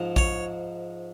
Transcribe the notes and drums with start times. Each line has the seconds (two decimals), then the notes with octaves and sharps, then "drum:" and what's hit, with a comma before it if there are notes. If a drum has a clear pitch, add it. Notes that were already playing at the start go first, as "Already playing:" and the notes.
Already playing: G#2 F3
0.16 C#5, drum: kick A#1